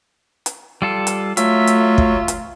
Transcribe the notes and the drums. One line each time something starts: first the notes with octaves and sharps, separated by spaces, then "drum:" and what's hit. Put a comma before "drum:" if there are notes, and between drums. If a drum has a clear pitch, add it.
drum: hi-hat
G3 F4 A4
drum: hi-hat
F#3 A3 F4 E5, drum: hi-hat
drum: hi-hat
drum: kick
drum: hi-hat